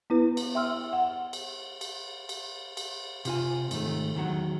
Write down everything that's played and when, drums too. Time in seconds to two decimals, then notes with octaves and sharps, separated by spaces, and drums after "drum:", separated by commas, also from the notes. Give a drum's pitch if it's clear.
0.10 B3 E4 B4
0.37 drum: cymbal
0.55 E5 G5 C6 E6 F6
0.93 F#5
1.33 drum: cymbal
1.81 drum: cymbal
2.29 drum: cymbal
2.77 drum: cymbal
3.25 C3 F4 G#5, drum: cymbal
3.71 G#2 D#3 A3, drum: cymbal
4.15 E2 D#3 F#3 F#5